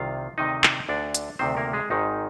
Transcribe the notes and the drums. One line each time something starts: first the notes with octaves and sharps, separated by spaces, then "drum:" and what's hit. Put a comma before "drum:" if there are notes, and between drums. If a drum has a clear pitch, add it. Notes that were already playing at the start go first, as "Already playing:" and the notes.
Already playing: C2 C3 D#3 F4 F5
D2 C3 D#3 D#4 D#5
drum: clap
D2 D3 D4 D5
drum: hi-hat
D2 C3 D#3 C4 C5
A#3 A#4
G#3 G#4
G#1 G#2 D#3 D#4